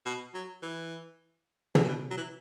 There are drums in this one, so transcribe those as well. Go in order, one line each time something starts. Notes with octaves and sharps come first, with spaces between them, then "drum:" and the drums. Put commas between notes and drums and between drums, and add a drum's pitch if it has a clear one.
B2
F#3
E3
D3, drum: tom
A#2
B2
F#3
E3